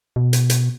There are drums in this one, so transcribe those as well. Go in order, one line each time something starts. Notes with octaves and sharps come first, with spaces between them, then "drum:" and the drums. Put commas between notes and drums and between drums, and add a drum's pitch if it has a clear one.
B2
drum: hi-hat
drum: hi-hat